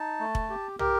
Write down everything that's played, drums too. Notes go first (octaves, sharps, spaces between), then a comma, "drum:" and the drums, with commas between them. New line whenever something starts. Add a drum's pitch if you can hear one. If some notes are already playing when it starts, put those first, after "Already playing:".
Already playing: D#4 A5
A3
drum: kick
G4
G4 A#4, drum: tom